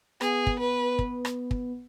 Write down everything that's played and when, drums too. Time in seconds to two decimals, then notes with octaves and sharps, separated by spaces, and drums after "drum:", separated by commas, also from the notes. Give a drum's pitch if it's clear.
0.21 B3 G#4, drum: rim click
0.47 drum: kick
0.60 B4
0.99 drum: kick
1.25 drum: rim click
1.51 drum: kick